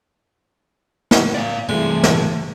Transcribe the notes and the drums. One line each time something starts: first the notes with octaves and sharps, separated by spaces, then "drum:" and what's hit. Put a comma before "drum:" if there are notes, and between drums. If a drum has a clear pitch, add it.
drum: snare
D5 F5
G2 C3 E3 G#3 A3
drum: snare